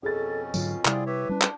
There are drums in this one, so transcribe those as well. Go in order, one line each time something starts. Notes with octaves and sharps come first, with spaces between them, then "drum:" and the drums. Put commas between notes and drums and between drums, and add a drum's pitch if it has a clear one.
F2 B2 C#4 G#4 A4 A6
G#2 D3 F#3 F4, drum: tambourine
C3 G3 C4 E4 F4 G#4 D5, drum: clap
G4 B4 C#5 E5
G3 C#4 D4
drum: clap